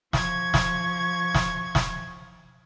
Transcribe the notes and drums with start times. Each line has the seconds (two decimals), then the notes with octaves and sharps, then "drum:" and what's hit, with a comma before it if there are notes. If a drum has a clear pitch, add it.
0.13 F3 C#6 G#6, drum: snare
0.54 drum: snare
1.35 drum: snare
1.75 drum: snare